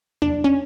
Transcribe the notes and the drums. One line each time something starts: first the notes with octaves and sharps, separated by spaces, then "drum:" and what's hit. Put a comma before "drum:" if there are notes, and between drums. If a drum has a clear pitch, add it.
D4, drum: tom E2
C#4